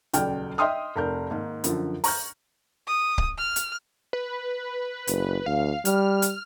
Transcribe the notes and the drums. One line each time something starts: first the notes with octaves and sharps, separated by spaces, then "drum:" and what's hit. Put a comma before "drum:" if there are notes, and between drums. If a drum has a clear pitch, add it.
D#1 C#2 F#3 D5 G5 F6, drum: hi-hat
D#5 E5 G5 C6 D#6 F6
F1 A#4 G6
G#2 D#3 A#3
F#2 D3 F3, drum: hi-hat
A#5 C#6 F6 G6, drum: open hi-hat
D#6
drum: kick C#1
F6
drum: hi-hat
B4
F#1, drum: hi-hat
D2 F5
G3 F6, drum: hi-hat
drum: hi-hat